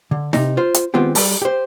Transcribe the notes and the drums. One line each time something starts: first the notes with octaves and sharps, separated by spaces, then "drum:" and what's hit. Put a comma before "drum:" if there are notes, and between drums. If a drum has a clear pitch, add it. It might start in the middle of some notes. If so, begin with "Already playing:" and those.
D3
C3 D#4, drum: snare
F4 C5
drum: hi-hat
D#3 G#3 B3 C4 F4 G4
G3, drum: open hi-hat
G4 C5